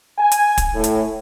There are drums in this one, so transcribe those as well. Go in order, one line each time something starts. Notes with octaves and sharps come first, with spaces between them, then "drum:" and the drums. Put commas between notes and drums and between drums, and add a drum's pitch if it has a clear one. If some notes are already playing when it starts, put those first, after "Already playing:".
G#5
drum: hi-hat
drum: kick, hi-hat
A2
drum: hi-hat